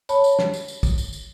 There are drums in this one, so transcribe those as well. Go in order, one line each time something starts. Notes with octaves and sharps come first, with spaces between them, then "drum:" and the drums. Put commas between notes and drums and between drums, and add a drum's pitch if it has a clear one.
C#5 A5 B5, drum: tambourine
drum: tambourine
drum: snare
drum: tambourine
drum: tambourine
drum: kick, tambourine
drum: tambourine
drum: tambourine